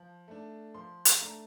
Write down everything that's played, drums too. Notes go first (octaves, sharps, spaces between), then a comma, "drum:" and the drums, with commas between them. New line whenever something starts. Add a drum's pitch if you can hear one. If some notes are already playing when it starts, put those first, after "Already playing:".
Already playing: F3
A3 D4
F3 C6
drum: hi-hat
A3 D4 A#5